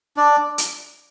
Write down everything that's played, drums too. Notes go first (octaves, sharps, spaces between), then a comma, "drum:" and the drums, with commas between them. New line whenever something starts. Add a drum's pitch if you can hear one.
D4 D5
drum: hi-hat